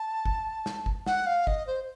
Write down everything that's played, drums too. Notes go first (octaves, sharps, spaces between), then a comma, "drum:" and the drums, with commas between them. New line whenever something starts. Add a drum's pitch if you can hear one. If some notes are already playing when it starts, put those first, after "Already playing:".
Already playing: A5
drum: kick G1
drum: snare
drum: kick G1
F#5, drum: snare
F5
D#5, drum: kick G1
C5